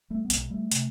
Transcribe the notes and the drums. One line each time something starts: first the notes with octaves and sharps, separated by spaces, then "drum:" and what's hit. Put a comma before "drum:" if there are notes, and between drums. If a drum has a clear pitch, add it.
G3 A3
B3
B1 B2 G#3 A#3, drum: hi-hat
G3 A3
C3, drum: hi-hat